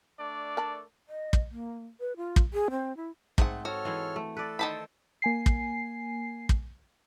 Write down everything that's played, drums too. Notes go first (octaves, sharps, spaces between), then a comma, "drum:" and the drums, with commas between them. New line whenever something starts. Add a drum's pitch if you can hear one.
A3 D4 D5
A#4 A5 B5
D#5
drum: kick
A#3
B4
F4
drum: kick
G#4
C4
E4
G#2 A3 C4 G#4 F#5, drum: kick
F#4 A4 C#5 F6
E3 G#3 E4
A3
A4 B4 D5
D#3 C5 A5 B5
A#3 G#5 C7
drum: kick
drum: kick